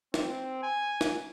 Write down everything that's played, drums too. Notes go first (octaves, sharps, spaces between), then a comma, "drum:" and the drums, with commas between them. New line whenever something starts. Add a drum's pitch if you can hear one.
C4, drum: snare
G#5
drum: snare